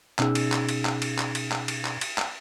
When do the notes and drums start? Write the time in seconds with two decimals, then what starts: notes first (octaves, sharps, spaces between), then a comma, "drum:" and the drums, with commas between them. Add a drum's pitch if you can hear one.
0.19 B2 C#4 D#4 G#4 E6, drum: clap
0.35 drum: cymbal
0.52 drum: clap
0.69 drum: cymbal
0.85 drum: clap
1.02 drum: cymbal
1.18 drum: clap
1.35 drum: cymbal
1.52 drum: clap
1.68 drum: cymbal
1.85 drum: clap
2.01 drum: cymbal
2.18 drum: clap